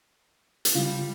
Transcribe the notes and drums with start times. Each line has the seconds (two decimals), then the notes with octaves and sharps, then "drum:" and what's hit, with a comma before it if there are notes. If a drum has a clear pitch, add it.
0.65 drum: hi-hat
0.75 C#3 G3 F4